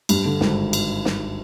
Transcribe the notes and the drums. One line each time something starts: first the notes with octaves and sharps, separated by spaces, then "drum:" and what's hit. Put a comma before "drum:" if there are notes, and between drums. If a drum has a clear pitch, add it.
G2, drum: cymbal
D3
G#1, drum: snare
drum: cymbal
drum: snare